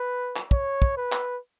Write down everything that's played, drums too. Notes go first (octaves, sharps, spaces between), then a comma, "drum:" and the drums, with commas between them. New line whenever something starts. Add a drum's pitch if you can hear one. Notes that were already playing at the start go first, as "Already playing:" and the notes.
Already playing: B4
drum: clap
C#5, drum: kick
drum: kick
B4
drum: clap